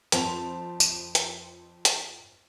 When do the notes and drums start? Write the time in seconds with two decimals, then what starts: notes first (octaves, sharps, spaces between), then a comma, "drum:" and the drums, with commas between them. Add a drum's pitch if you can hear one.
0.12 F2 C5 A5 F7, drum: hi-hat
0.80 drum: tambourine
1.15 drum: hi-hat
1.85 drum: hi-hat